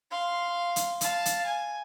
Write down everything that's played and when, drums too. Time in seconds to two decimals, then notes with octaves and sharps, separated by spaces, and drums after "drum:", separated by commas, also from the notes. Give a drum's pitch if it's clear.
0.11 F5 C6
0.76 drum: hi-hat
1.01 F5 A5, drum: hi-hat
1.26 drum: hi-hat
1.46 G#5